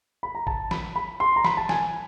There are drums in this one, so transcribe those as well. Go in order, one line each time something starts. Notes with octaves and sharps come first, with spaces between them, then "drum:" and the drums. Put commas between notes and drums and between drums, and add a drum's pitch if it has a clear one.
B5
A#5
A5, drum: kick
B5, drum: snare
B5
C6
A#5
B5, drum: snare
A5
G#5, drum: snare